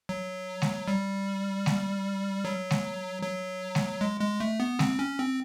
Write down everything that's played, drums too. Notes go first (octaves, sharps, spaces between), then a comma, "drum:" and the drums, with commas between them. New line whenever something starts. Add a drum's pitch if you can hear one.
F#3
drum: snare G#3
G3
drum: snare G#3
F#3
drum: snare G#3
F#3
drum: snare G#3
G#3
G#3
A3
B3
C4, drum: snare G#3
C#4
C4